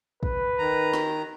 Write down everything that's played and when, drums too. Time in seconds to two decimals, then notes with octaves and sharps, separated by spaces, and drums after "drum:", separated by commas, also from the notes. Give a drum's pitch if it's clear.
0.23 B4, drum: kick
0.58 D#3 A#5
0.94 drum: snare